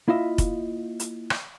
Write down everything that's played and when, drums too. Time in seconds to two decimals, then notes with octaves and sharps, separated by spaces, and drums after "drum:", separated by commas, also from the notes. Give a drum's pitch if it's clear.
0.08 A#3 E4 F4 D#5 E5
0.38 drum: kick F1, hi-hat
1.00 drum: hi-hat
1.30 drum: rim click